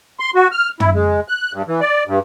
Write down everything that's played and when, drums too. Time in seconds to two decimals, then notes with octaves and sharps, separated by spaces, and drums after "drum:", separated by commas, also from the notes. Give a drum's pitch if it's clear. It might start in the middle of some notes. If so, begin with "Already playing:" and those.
0.20 C6
0.35 F#4
0.52 F6
0.80 E4, drum: tom
0.94 G#3
1.28 F#6
1.53 G2
1.68 E3
1.81 D5
2.07 G2